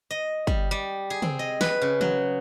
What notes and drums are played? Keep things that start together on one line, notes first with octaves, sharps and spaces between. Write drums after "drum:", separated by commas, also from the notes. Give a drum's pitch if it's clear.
D#5
G3, drum: kick
G3
G#4
C4, drum: tom
D#5
B4, drum: snare
C#3
F#3, drum: tom